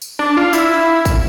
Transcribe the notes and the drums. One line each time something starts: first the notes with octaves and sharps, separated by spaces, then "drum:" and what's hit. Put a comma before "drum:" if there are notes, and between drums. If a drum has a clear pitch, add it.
drum: tambourine
D4
F4
E4, drum: tambourine
drum: kick, tambourine